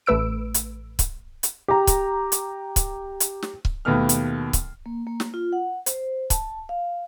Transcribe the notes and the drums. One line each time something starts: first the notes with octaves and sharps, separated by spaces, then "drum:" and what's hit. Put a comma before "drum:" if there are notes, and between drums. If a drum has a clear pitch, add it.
A1 A3 B4 E6 D7
drum: hi-hat
drum: kick C#1, hi-hat
drum: hi-hat
G4 A#5
drum: kick C#1, hi-hat
drum: hi-hat
drum: kick C#1, hi-hat
drum: hi-hat
drum: snare
drum: kick C#1
D#2 B2 A3 B3 F6
drum: hi-hat
drum: kick C#1, hi-hat
A#3
A#3
drum: snare
F4
F#5
C5, drum: hi-hat
A5, drum: kick C#1, hi-hat
F5